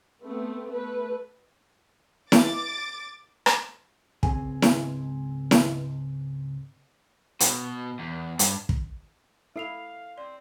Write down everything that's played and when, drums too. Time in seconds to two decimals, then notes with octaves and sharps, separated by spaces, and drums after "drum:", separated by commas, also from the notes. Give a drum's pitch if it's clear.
0.24 A3 B3 C4
0.70 A3 B4
2.32 D6 A6, drum: snare E4
3.46 drum: rim click
4.23 C#2 G#2 C4 G#4 G#5, drum: kick
4.62 drum: snare E4
5.51 drum: snare E4
7.40 B2, drum: hi-hat
7.99 E2
8.39 G2, drum: hi-hat
8.69 drum: kick
9.56 E4 A4 E5 F5 C7 F7
10.18 C4 D5